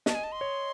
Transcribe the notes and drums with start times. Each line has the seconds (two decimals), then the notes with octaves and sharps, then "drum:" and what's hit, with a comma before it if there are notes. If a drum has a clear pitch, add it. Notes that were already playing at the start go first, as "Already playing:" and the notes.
0.06 D#5 A5, drum: snare
0.15 G#5
0.24 A5
0.32 C6
0.41 C#5